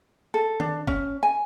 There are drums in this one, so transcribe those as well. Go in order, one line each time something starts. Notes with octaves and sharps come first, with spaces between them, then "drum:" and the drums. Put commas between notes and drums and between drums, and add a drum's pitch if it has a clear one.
A4
D4, drum: tom D#3
C#4, drum: kick G#1
G#5